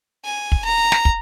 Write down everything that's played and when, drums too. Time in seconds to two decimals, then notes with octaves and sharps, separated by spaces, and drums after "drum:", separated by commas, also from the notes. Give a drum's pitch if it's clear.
0.25 G#5
0.52 drum: kick
0.65 A#5
0.92 drum: snare
1.05 drum: kick